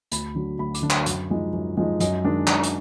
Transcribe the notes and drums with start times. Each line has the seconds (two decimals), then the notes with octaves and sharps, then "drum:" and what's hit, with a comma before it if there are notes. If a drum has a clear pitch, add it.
0.11 D2 B5, drum: hi-hat
0.35 D3 F#3 D4
0.58 D2 B5
0.74 D6, drum: hi-hat
0.82 D3 F#3 D4
0.90 B5, drum: clap
1.06 F#2, drum: hi-hat
1.30 F3 G#3 D#4
1.53 F#2
1.77 F3 G#3 D#4
2.00 F#2 D#5, drum: hi-hat
2.24 D#3 G#3 D4
2.47 F#2, drum: clap
2.63 drum: hi-hat